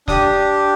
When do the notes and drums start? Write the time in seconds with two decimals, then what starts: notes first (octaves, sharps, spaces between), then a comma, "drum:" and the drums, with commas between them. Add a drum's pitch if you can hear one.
0.08 D4 G4 D#6, drum: snare